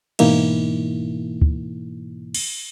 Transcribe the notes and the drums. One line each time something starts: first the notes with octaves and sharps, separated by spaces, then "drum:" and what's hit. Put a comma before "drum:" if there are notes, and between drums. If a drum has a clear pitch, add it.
G#2 B2 E3 A#3 D#4 E4, drum: cymbal
drum: kick
drum: cymbal